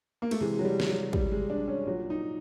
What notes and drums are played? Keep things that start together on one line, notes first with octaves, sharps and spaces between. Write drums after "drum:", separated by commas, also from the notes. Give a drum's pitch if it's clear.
A#3
A3, drum: cymbal
C3 E3 G#3
F#3
G3
drum: snare
F#3
G3, drum: kick
G#3
D4
C#4
A#2 F#3
D#4